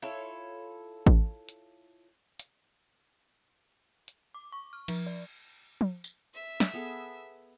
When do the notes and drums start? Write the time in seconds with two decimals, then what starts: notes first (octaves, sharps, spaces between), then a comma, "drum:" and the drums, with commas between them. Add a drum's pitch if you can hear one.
0.02 E4 F4 A4 C#5
1.06 drum: kick A1
1.49 drum: hi-hat
2.40 drum: hi-hat
4.08 drum: hi-hat
4.34 D6
4.52 C#6
4.73 F6
4.88 F3, drum: cymbal
5.06 D5
5.81 drum: tom
6.04 drum: tambourine
6.34 E5
6.60 drum: snare
6.74 B3 G#4 A4